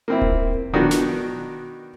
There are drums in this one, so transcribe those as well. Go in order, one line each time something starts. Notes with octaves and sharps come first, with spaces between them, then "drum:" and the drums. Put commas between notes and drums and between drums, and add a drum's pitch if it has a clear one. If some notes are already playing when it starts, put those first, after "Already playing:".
A#3 C4 E4
drum: kick D1
B2 D#3 B3 D4 D#4 F#4
drum: snare